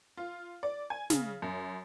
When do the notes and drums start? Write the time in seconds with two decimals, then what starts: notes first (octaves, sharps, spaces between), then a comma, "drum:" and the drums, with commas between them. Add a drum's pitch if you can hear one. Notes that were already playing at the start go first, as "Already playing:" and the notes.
0.17 F4
0.63 D5
0.90 G#5
1.10 C#3, drum: snare
1.42 F#2